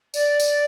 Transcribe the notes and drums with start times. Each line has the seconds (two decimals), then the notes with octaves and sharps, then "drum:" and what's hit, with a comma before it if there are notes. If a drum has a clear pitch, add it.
0.14 D5, drum: tambourine
0.40 drum: tambourine